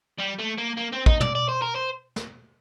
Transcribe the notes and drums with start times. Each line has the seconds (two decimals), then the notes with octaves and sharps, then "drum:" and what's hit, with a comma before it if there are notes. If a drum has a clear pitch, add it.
0.18 G3
0.39 A3
0.58 A#3
0.77 A#3
0.92 C4
1.06 D#4, drum: kick
1.21 D5, drum: tom
1.35 D5
1.49 C5
1.62 A#4
1.76 C5
2.16 drum: snare